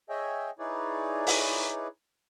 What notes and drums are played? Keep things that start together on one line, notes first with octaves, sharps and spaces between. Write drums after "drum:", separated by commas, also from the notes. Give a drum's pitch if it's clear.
G#4 C#5 D#5 E5 G5 G#5
D#4 E4 G#4 B4 C#5 D5
drum: open hi-hat